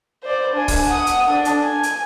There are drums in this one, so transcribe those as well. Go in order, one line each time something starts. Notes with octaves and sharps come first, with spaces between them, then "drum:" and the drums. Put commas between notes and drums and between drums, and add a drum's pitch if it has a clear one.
C5 D5
D4 G#5
drum: kick, open hi-hat
F#5 D#6
drum: hi-hat
D4 A4
drum: hi-hat
G#5
drum: hi-hat